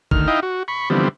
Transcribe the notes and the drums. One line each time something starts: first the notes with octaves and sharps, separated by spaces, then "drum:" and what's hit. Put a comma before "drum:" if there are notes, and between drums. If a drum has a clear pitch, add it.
D2 D#3 F6, drum: kick
D#4 E4 D#5 F5 G5
F#4
B5 C#6
D3 E3 F3 G3 B3 C4